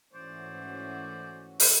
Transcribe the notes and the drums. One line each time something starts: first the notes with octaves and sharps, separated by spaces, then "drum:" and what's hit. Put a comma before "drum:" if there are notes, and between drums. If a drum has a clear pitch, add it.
G#2 E3 A3 C#4 F#4 C5 D5
C5, drum: open hi-hat